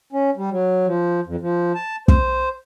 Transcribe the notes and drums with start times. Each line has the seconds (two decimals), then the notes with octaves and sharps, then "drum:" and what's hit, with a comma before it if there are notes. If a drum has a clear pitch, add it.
0.13 C#4
0.36 G3
0.51 F#3
0.87 F3
1.26 F2
1.41 F3
1.75 A5
2.08 C5, drum: kick